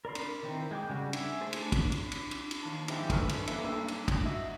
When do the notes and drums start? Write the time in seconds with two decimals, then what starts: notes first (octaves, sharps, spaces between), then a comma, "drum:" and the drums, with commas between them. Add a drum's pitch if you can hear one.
0.05 A#4 D5 B5 C6
0.15 drum: cymbal
0.43 D#3 E3 C4 D#4
0.71 G#3 G5 D6
0.89 C#3 G3 F#4
1.13 E5 G#5, drum: cymbal
1.41 A3 G#4 A4 C5 A5
1.53 drum: cymbal
1.72 drum: kick, cymbal
1.92 drum: cymbal
2.12 drum: cymbal
2.31 drum: cymbal
2.51 drum: cymbal
2.62 D#2 A5
2.88 G#2 D#3 F3 E4 G4, drum: cymbal
3.10 G#1 A4 B4 C5 C#6 F6, drum: kick, cymbal
3.29 drum: cymbal
3.47 F#2 A#3 A4 B4 E5, drum: cymbal
3.63 B1 G2 A#3 A4 E6
3.88 drum: cymbal
4.08 drum: kick, cymbal
4.21 D#4 F#4 E5